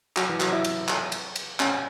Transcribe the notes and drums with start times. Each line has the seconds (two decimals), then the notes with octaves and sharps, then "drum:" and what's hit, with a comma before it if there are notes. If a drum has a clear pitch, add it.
0.16 F#3, drum: clap
0.29 E3
0.40 F#3, drum: clap
0.53 E4
0.64 drum: cymbal
0.88 drum: clap
1.12 drum: cymbal
1.36 drum: cymbal
1.60 C#4, drum: clap